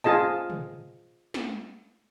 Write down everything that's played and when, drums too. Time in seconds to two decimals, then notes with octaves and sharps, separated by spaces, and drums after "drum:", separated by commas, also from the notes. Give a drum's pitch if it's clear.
0.04 F4 G#4 D#5 A5
0.50 drum: tom
1.34 drum: snare